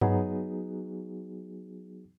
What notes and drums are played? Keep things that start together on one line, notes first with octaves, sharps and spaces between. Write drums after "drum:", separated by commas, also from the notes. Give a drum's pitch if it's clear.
F#3 B3 D#4 F#4 G#4, drum: tom G2